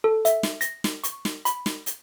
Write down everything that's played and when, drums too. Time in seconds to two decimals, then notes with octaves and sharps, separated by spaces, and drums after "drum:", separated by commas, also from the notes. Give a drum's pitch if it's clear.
0.04 A4
0.25 E5, drum: hi-hat
0.43 drum: snare
0.61 A#6, drum: hi-hat
0.84 drum: snare
1.04 C#6, drum: hi-hat
1.25 drum: snare
1.45 B5, drum: hi-hat
1.66 drum: snare
1.86 drum: hi-hat